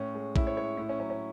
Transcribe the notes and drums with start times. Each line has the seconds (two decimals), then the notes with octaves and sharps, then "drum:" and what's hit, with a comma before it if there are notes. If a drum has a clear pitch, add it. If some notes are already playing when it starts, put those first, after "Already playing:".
Already playing: A2 C#4
0.15 G#3
0.36 A2 E4, drum: kick A#1
0.47 C#5
0.57 G#3 C#5
0.77 A2 E4
0.89 C#4
0.99 F#3 C#4
1.10 C#4